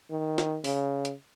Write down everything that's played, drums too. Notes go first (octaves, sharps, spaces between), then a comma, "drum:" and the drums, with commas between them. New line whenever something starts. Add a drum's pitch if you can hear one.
D#3
drum: snare
C#3, drum: open hi-hat
drum: hi-hat